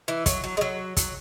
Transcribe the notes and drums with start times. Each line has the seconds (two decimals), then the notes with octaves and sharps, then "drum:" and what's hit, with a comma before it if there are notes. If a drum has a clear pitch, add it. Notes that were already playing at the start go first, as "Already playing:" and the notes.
0.08 E3
0.26 F#3, drum: kick, hi-hat
0.44 F#3
0.57 G#3
0.61 F#3
0.97 F#3, drum: kick, hi-hat